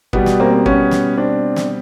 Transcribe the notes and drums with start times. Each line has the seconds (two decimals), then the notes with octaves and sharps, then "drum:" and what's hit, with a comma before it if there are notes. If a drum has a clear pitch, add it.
0.13 B2 G3 B3, drum: kick
0.26 drum: snare
0.40 A#3 C4
0.53 C4
0.66 B3 C#4, drum: kick
0.91 drum: snare
1.17 C4 D4
1.56 drum: snare